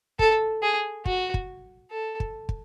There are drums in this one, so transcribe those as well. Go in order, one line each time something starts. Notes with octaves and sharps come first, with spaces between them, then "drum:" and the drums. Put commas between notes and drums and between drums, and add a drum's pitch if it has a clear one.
A4, drum: kick
G#4
F#4, drum: kick
drum: kick
A4
drum: kick
drum: kick